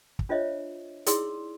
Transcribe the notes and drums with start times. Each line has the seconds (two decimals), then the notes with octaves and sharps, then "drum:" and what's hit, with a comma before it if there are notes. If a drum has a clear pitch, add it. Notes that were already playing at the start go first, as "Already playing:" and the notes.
0.19 drum: kick
0.29 D4 F4 C5 C#5 D#5 E5
1.06 D#4 E4 G#4 D5 C6 E6, drum: hi-hat